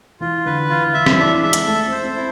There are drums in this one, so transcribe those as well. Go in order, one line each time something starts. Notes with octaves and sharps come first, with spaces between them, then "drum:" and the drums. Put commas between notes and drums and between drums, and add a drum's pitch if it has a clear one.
E3 F4
D3 B4
E3 F4
D3
E3 E5
drum: rim click
E3 D4
G#3 E5
drum: hi-hat
A3 A4
C4
C5
C4
E4